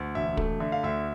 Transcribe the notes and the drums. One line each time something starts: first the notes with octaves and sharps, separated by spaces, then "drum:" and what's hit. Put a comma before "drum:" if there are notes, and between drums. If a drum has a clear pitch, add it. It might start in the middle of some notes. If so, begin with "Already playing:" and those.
Already playing: D2
E1 E5
A3, drum: kick
D3 E5
F5
D2 E5